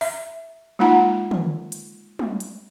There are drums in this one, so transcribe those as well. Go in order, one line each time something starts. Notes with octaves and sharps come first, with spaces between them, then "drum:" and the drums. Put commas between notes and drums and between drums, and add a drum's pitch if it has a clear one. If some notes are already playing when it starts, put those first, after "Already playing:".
E5, drum: open hi-hat
G#3 A#3 D#4 F4 F#5 A#5
drum: tom
drum: hi-hat
drum: tom
drum: hi-hat